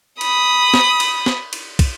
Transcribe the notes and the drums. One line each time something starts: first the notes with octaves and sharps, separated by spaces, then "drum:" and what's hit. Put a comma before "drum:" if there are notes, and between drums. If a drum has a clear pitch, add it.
B5 D#6, drum: cymbal
drum: snare
drum: cymbal
drum: snare
drum: cymbal
drum: kick, cymbal